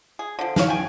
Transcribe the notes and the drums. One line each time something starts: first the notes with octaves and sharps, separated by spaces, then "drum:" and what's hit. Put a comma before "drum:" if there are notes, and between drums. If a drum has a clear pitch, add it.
G#4
D3 F3
C#5 F5, drum: snare
G5 G#5